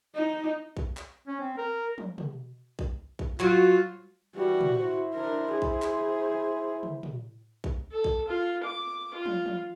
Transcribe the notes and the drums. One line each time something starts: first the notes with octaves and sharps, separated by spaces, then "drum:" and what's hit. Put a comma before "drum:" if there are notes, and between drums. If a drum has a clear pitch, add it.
D#4
drum: kick
drum: clap
C#4
C4
A#4
drum: tom
drum: tom
drum: kick
drum: kick
F#3 F4, drum: clap
E3 G3 F#4
drum: tom
E4 C5
D4 A#4
G#4
drum: kick
drum: clap
drum: tom
drum: tom
drum: kick
A4
drum: kick
F4
D6
F4
drum: tom
drum: tom